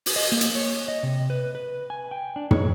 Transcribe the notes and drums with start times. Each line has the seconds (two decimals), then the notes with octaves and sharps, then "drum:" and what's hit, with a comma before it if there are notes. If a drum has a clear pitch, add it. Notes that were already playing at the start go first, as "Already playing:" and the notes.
0.06 drum: open hi-hat
0.16 D#5
0.32 A#3
0.41 drum: hi-hat
0.55 C#5
0.88 D#5
1.03 C3
1.30 B4
1.55 B4
1.90 G#5
2.11 G5
2.36 D4
2.51 C#5, drum: tom